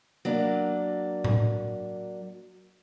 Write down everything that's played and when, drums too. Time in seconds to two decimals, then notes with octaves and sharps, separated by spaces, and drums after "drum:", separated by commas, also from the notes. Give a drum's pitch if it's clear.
0.25 F#3 A#3 D4
1.24 drum: tom A2